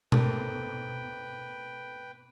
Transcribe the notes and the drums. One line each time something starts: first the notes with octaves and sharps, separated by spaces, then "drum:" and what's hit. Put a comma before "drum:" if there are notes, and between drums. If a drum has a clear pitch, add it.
A3 C4 A#4 B4 G5, drum: tom B2